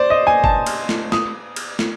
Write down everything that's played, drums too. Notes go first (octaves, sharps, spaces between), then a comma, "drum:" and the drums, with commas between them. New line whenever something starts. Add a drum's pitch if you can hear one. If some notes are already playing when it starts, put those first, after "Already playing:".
Already playing: C5 D5
D#5
G#5
A5, drum: kick
drum: cymbal
drum: snare
D#6, drum: snare
drum: cymbal
drum: snare